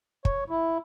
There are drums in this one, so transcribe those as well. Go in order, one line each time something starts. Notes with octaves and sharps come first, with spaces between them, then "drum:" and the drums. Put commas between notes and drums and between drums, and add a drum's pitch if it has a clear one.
C#5, drum: kick
E4